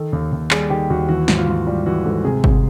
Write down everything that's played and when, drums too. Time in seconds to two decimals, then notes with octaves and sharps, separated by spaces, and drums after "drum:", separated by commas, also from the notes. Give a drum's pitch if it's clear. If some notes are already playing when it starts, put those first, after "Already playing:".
Already playing: D#3 A4
0.13 D#2
0.32 D#2
0.51 G3 G#4, drum: clap
0.70 D#3 G4
0.90 D#2 F#4
1.09 E3 F#4
1.28 G#2, drum: snare
1.38 F4
1.48 G#2
1.67 G3 F4
1.86 E3 F#4
2.06 G#2 A4
2.24 C3 G#4
2.44 C2, drum: kick